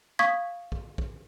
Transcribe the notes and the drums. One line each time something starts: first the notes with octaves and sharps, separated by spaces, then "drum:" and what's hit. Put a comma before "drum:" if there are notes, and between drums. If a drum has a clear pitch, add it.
F5 C#6 D#6 G#6 B6
drum: kick A#1
drum: kick A#1